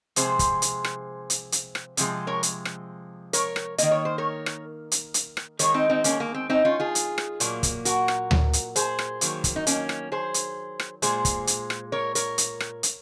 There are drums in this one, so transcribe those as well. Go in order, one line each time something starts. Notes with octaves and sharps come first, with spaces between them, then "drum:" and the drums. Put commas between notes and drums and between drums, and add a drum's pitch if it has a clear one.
C3 F3 G#3 G#4 C5, drum: hi-hat
drum: kick, hi-hat
drum: hi-hat
drum: rim click
drum: hi-hat
drum: hi-hat
drum: rim click
C3 F3 G#3, drum: hi-hat
A#4 C#5
drum: hi-hat
drum: rim click
A#4 C#5, drum: hi-hat
drum: rim click
D#3 A#3 D#5, drum: hi-hat
C#5
C5
A#4 C#5
drum: rim click
drum: hi-hat
drum: hi-hat
drum: rim click
D#3 G#3 A#4 C#5, drum: hi-hat
C4 D#4
C4 D#4
A#3 C#4, drum: hi-hat
A#3
C4
C4 D#4
C#4 F4
F4 G#4
drum: hi-hat
drum: rim click
A#2 F#3 A#3, drum: hi-hat
drum: kick, hi-hat
F#4 A#4, drum: hi-hat
drum: rim click
drum: tom D2
drum: hi-hat
G#4 C5, drum: hi-hat
drum: rim click
D#3 F#3 A#3, drum: hi-hat
drum: kick, hi-hat
D#4
A#3 C#4, drum: hi-hat
drum: rim click
G#4 C5
drum: hi-hat
drum: rim click
A#2 G#3 G#4 C5, drum: hi-hat
drum: kick, hi-hat
drum: hi-hat
drum: rim click
A#4 C#5
A#4 C#5, drum: hi-hat
drum: hi-hat
drum: rim click
drum: hi-hat